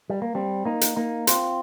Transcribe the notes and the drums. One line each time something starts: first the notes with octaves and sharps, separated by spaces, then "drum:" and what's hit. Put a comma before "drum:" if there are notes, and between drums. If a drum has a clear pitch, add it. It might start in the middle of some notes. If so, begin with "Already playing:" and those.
G3
A#3
G3 C4
A#3 D#4
drum: hi-hat
A#3 D#4
C4 F4, drum: hi-hat